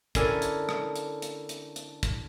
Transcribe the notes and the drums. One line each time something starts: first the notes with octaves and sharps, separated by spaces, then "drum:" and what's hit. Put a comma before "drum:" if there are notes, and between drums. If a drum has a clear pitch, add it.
D3 C#4 E4 A4 A#4 G#5, drum: kick, hi-hat
drum: hi-hat
drum: rim click
drum: hi-hat
drum: hi-hat
drum: hi-hat
drum: hi-hat
drum: kick, hi-hat